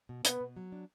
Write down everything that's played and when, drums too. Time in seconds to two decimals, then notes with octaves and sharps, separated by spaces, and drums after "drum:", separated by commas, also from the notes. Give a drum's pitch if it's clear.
0.09 B2
0.25 B2 B3, drum: hi-hat
0.41 B2
0.56 F#3
0.72 D4